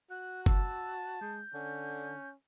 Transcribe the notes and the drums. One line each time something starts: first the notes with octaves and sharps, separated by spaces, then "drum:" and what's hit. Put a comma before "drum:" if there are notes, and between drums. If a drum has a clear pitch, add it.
F#4 F#6
A5 E6, drum: kick
G#3 G6
D3 C#4